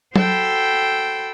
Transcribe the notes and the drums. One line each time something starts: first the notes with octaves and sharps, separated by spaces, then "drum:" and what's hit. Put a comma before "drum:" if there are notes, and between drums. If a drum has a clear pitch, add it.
F#4 A4 C5 G5 B5 E6, drum: tom